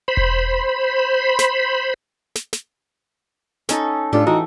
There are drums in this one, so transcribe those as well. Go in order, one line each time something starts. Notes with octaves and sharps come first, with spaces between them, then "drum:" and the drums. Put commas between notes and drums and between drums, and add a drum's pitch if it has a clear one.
C5 B5
drum: kick E1
drum: snare
drum: snare
drum: snare
C#4 D#4 A4, drum: snare
A2 D4 F4 G4 A4
E3 D#4 F#4